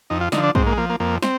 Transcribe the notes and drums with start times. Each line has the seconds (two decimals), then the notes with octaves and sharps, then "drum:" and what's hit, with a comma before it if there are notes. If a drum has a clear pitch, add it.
0.10 F2 D#4
0.21 F4
0.32 D3 D#4, drum: snare
0.37 F3
0.43 D4
0.55 G#2 C4, drum: kick
0.67 A#3
0.73 G#3
0.77 F3 A#3
0.90 A#3
1.00 F2 A#3
1.22 C4, drum: snare